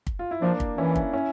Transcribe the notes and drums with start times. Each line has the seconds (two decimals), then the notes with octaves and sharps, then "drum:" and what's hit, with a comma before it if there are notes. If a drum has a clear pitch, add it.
0.07 drum: kick
0.19 F4
0.31 E4
0.42 F3 A#3 D4
0.60 drum: kick
0.77 E3 C#4 E4
0.96 drum: kick
1.13 C#4 E4